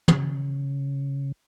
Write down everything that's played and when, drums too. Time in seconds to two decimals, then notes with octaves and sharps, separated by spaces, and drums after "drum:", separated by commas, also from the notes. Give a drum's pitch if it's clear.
0.08 C#3, drum: tom